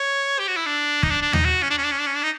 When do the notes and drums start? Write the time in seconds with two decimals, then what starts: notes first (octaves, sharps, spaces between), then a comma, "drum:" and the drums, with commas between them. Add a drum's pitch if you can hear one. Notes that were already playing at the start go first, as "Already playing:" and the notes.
Already playing: C#5
0.39 G4
0.48 F#4
0.57 E4
0.66 D4
1.03 D#4, drum: kick
1.10 D4
1.22 D4
1.33 D#4, drum: tom D#2
1.45 F#4
1.62 C#4
1.70 D4
1.78 C#4
1.84 D4
1.91 C#4
1.99 D4
2.06 C#4
2.15 D4
2.23 D#4